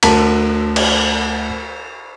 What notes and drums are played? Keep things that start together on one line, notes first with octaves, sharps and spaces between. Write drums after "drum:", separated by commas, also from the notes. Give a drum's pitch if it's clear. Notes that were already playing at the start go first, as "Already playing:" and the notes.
D2 A#4 A5 B6, drum: cymbal
drum: cymbal